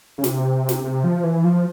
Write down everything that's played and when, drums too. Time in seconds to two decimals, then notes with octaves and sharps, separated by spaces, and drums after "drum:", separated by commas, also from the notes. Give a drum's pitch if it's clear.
0.18 C#3
0.24 C3, drum: snare
0.69 drum: snare
0.84 C3
1.04 F3
1.23 E3
1.44 F3